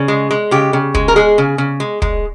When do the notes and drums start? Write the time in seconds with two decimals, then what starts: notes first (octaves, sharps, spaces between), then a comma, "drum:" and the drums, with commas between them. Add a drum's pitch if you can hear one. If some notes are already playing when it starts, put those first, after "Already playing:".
Already playing: C#3
0.08 G#3
0.31 G#3
0.51 C#3 G4
0.73 C#3
0.95 G#3, drum: kick
1.08 A#4
1.16 G#3 G#4
1.38 C#3
1.58 C#3
1.80 G#3
2.02 G#3, drum: kick